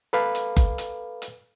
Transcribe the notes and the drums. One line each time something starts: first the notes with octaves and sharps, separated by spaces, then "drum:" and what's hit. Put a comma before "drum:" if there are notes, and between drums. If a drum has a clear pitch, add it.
A4 B4 F5
drum: hi-hat
drum: kick F#1, hi-hat
drum: hi-hat
drum: hi-hat